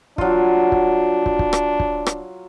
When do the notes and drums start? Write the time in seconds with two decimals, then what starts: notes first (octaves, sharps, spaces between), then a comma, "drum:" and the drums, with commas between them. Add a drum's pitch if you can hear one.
0.18 F#3 D4 F4, drum: kick
0.72 drum: kick
1.26 drum: kick
1.39 drum: kick
1.53 drum: rim click
1.80 drum: kick
2.06 drum: rim click